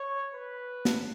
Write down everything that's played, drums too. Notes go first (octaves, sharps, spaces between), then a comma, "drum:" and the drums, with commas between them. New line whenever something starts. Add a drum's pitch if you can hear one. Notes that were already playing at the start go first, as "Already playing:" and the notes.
Already playing: C#5
B4
drum: snare